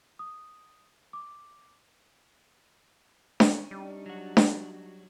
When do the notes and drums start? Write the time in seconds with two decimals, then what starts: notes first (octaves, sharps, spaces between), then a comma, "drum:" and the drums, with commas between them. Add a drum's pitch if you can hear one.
0.19 D#6
1.13 D6
3.40 C#4, drum: snare D4
3.71 G3 D4 D#4
4.06 F#3 F#4
4.37 drum: snare D4